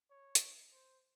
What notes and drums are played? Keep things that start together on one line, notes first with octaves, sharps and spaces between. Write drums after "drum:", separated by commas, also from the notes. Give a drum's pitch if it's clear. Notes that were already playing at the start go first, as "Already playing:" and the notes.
C#5
drum: hi-hat
C5